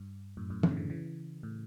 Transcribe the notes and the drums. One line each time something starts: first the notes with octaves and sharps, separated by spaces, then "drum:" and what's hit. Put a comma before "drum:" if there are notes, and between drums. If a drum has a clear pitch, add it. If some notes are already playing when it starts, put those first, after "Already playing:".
Already playing: G2
F#2 A2
F#2 A2
A2 C#3, drum: tom
D3
C#3 E3
C#3 E3
A2